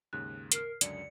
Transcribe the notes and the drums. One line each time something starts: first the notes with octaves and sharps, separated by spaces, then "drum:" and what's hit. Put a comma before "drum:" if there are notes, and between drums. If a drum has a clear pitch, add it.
D#2 G#2 C#3 F#6
A#4 F6 C7, drum: hi-hat
C#2 F#2 D3 D5 C#7, drum: hi-hat